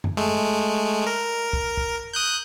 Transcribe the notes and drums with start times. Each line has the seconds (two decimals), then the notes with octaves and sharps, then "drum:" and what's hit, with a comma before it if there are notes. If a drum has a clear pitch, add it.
0.04 drum: tom F#2
0.17 G#3 A3
1.07 A#4
1.53 drum: kick
1.77 drum: kick
2.14 D#6 F#6 G6